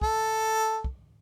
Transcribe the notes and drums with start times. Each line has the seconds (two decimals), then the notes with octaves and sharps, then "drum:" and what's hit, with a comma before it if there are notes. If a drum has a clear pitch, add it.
0.02 A4, drum: kick
0.84 drum: kick